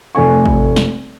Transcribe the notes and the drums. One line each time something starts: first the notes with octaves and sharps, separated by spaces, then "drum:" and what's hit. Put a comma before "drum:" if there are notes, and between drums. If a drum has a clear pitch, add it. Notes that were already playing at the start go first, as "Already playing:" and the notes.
F1 A3 G#5 C#6
drum: kick
drum: snare